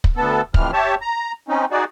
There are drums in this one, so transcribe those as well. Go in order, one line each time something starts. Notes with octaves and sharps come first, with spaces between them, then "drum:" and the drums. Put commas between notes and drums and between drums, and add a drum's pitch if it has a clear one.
drum: kick
D2 B3 A4
F2 A2 C3 E3 F6, drum: kick
G4 C#5 E5 A5
A#5
C4 C#4 D#4
D#4 F#4 G#4 D5